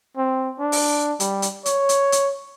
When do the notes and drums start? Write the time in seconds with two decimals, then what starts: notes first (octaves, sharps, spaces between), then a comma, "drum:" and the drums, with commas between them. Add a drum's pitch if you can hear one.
0.17 C4
0.59 D4
0.72 drum: open hi-hat
1.20 G3, drum: hi-hat
1.42 drum: hi-hat
1.66 C#5, drum: hi-hat
1.89 drum: hi-hat
2.12 drum: hi-hat